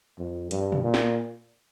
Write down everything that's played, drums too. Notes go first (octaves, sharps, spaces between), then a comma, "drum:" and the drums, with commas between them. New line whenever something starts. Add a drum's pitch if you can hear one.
F2
G2, drum: hi-hat
drum: tom
A#2
drum: snare